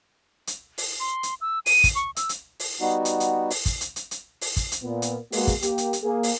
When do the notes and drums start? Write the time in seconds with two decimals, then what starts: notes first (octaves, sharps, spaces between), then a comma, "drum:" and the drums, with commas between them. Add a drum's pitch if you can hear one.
0.47 drum: hi-hat
0.78 drum: open hi-hat
1.00 C6
1.23 drum: hi-hat
1.41 E6
1.66 D#7, drum: open hi-hat
1.84 drum: kick, hi-hat
1.95 C#6
2.16 E6, drum: hi-hat
2.29 drum: hi-hat
2.60 drum: open hi-hat
2.81 G3 B3 D#4 F#4
3.05 drum: hi-hat
3.20 drum: hi-hat
3.50 drum: open hi-hat
3.66 drum: kick, hi-hat
3.81 drum: hi-hat
3.96 drum: hi-hat
4.11 drum: hi-hat
4.41 drum: open hi-hat
4.57 drum: kick, hi-hat
4.72 drum: hi-hat
4.83 A#2 B3
5.02 drum: hi-hat
5.32 G#3 A#3 B3 F#4, drum: open hi-hat
5.47 drum: kick, hi-hat
5.62 A#3 G4, drum: hi-hat
5.78 drum: hi-hat
5.93 drum: hi-hat
6.04 A#3 G#4
6.23 drum: open hi-hat